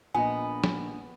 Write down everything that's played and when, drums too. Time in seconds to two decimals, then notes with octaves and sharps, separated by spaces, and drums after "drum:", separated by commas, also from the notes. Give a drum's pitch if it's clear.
0.14 A#1 A#2 B3 D#5 G#5
0.64 drum: snare